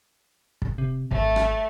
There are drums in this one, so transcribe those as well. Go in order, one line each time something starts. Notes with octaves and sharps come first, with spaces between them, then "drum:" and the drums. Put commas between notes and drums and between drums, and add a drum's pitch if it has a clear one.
drum: kick
C3
G#1 A3, drum: kick
drum: rim click